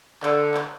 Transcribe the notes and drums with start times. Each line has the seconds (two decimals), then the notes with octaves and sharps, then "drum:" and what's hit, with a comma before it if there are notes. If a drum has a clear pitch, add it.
0.23 D3, drum: clap
0.54 drum: clap